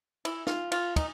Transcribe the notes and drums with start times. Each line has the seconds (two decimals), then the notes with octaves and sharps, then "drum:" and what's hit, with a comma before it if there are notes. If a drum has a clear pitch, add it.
0.25 E4, drum: cymbal
0.47 F4, drum: snare
0.72 F4, drum: cymbal
0.96 D#4, drum: kick, cymbal